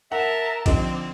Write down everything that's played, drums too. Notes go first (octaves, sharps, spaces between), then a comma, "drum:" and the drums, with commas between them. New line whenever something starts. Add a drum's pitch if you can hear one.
A#4 E5 F#5 A5
D3 F3 C4 D#4 D6, drum: kick A#1, cymbal